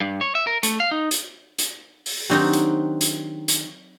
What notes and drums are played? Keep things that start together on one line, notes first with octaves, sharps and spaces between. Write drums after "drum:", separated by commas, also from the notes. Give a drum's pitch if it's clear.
G2
C#5
E5
A#4
A3, drum: hi-hat
F5
D#4
drum: hi-hat
drum: hi-hat
drum: open hi-hat
D#3 F#3 C4 D4 D#4 G4
drum: hi-hat
drum: hi-hat
drum: hi-hat